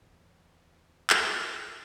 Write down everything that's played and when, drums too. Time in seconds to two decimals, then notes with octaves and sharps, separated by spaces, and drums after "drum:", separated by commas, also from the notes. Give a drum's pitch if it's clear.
0.01 D1 E2 F#3
1.10 drum: clap